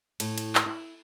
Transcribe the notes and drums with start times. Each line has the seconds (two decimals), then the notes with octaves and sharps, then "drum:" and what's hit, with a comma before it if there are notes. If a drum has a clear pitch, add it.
0.20 A2, drum: cymbal
0.38 drum: cymbal
0.55 drum: clap
0.66 E4